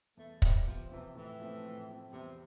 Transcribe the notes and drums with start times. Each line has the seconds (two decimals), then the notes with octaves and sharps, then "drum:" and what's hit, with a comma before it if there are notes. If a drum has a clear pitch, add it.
0.17 E2 A3
0.42 C3 F3 G3 C4, drum: kick
0.66 E2 F3
0.90 C3 E3 F3 C4
1.15 A2 E3
1.40 F3 A3 C4
1.64 A2
1.88 F3 A3 C4
2.13 E2 C3